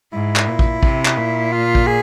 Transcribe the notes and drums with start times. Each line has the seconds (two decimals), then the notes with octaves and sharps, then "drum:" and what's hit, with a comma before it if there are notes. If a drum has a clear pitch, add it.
0.13 G#2 E4
0.36 drum: clap
0.48 A#2
0.59 drum: kick A1
0.83 C3, drum: kick A1
1.05 drum: clap
1.17 A#2
1.52 F4
1.75 drum: kick A1
1.87 G#4